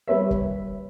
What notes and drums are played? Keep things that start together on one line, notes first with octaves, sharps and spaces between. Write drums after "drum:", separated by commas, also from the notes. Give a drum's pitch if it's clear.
G3 B4 C#5 E5
drum: kick